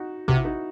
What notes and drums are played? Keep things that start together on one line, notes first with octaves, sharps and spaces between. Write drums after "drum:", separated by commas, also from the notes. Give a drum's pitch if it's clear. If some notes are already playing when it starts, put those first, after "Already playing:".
Already playing: D#4 F#4
C3 F#4, drum: kick
E4
D#4 F#4